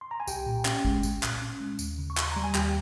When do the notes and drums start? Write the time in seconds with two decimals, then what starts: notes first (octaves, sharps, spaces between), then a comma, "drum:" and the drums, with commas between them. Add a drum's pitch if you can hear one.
0.01 C6
0.11 A#5
0.20 G#5
0.27 C2 G4 G5, drum: tambourine
0.46 A#2
0.65 C#4, drum: clap
0.85 G#3, drum: kick G#1
1.03 C2, drum: tambourine
1.23 A#2, drum: clap
1.42 C#4
1.60 G#3
1.79 D#2, drum: tambourine
1.98 C#3
2.10 C#6
2.17 D#2 C6, drum: clap
2.32 G3 A#5
2.44 G#5
2.55 D#2 G4 G5, drum: clap